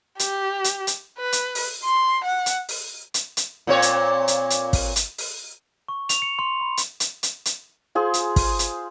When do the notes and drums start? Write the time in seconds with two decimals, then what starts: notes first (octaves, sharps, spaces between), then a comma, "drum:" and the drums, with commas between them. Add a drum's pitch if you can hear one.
0.19 G4, drum: hi-hat
0.64 drum: hi-hat
0.87 drum: hi-hat
1.18 B4
1.32 drum: hi-hat
1.55 drum: open hi-hat
1.84 C6
2.25 F#5
2.46 drum: hi-hat
2.69 drum: open hi-hat
3.14 drum: hi-hat
3.37 drum: hi-hat
3.67 A#2 C4 C#5
3.82 drum: hi-hat
4.28 drum: hi-hat
4.50 drum: hi-hat
4.73 drum: kick, open hi-hat
4.96 drum: hi-hat
5.18 drum: open hi-hat
5.88 C#6
6.09 F7, drum: hi-hat
6.22 C#7
6.39 C6
6.61 B5
6.77 drum: hi-hat
7.00 drum: hi-hat
7.23 drum: hi-hat
7.45 drum: hi-hat
7.95 F4 G#4 C5
8.14 drum: hi-hat
8.36 drum: kick, open hi-hat
8.59 drum: hi-hat